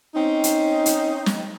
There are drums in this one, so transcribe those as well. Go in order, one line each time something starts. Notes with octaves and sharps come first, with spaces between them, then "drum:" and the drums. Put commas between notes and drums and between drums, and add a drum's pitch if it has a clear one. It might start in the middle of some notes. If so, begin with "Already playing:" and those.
C4 C#4 D#4
drum: hi-hat
drum: hi-hat
drum: snare